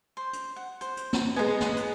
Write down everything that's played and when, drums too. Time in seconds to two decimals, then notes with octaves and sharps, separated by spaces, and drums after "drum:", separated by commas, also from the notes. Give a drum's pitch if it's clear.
0.17 C5
0.33 drum: hi-hat
0.56 F#5
0.81 C5, drum: hi-hat
0.97 drum: hi-hat
1.13 drum: snare
1.36 G#3 B3 D#4 G#5
1.61 drum: snare
1.76 drum: hi-hat